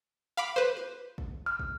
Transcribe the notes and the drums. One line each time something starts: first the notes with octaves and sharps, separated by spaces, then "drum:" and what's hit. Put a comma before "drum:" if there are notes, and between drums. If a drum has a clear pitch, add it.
F5 B5 D6
B4 C5
drum: snare
drum: kick
F6
drum: kick